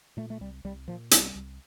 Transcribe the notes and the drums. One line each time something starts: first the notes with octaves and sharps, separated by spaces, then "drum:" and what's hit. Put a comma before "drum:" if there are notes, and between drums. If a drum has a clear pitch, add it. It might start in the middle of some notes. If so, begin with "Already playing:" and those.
A#2 A3
A3
C2 G3
C2 G3
A#2 F3
C2 G3, drum: hi-hat
C2